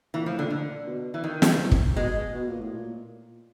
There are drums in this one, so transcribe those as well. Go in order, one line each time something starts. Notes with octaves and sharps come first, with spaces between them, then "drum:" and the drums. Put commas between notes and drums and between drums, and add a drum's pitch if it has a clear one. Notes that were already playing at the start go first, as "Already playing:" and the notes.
A#2 E3
A2 F3
A#2 D3
D3
B2
E3
D#3
drum: snare
C3
drum: kick
B2 G#3
B2
A#2
A2
A#2